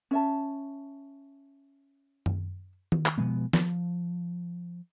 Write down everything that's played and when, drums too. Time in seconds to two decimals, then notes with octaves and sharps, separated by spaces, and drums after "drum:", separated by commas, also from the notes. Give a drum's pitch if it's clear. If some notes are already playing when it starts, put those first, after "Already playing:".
0.11 C#4 E5 A5
2.26 drum: tom F#2
2.92 drum: tom D#3
3.06 drum: clap
3.18 B2 F3 G#3 B3
3.53 F3, drum: snare